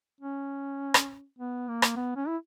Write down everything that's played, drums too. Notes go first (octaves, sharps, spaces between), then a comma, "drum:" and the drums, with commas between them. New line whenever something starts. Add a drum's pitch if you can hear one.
C#4
drum: rim click
B3
A#3
drum: rim click
B3
C#4
E4